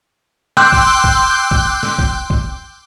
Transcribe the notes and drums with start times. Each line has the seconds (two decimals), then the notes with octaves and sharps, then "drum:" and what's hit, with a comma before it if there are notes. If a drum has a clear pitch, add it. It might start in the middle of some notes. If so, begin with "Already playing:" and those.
0.57 G5 C6 D6 E6 F#6 G6, drum: snare
0.73 drum: kick
1.04 drum: kick
1.51 drum: kick
1.83 drum: snare
1.99 drum: kick
2.30 drum: kick